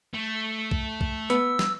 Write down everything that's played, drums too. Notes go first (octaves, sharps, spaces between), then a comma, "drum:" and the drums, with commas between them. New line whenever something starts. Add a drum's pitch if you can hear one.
A3
drum: kick
drum: kick
B3 E6, drum: hi-hat
drum: snare